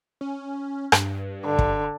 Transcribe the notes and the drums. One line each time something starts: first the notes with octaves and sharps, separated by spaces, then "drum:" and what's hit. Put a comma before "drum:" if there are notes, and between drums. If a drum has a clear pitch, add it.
C#4
G2, drum: rim click
D3
drum: kick